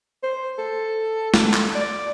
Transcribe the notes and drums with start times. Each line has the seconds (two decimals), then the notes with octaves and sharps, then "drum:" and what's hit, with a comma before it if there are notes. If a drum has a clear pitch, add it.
0.23 C5
0.58 A4
1.34 drum: snare
1.54 drum: clap
1.75 D5